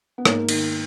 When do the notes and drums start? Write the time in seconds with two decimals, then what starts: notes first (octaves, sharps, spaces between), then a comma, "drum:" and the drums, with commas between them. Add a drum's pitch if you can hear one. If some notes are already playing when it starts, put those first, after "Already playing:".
0.18 B3
0.25 G#2 A#3, drum: rim click
0.49 D#3, drum: cymbal